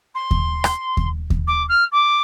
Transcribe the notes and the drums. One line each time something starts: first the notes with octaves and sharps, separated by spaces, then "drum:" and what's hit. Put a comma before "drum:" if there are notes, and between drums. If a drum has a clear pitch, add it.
C6
drum: kick D#2
drum: rim click
drum: kick D#2
drum: kick D#2
D6
F6
D6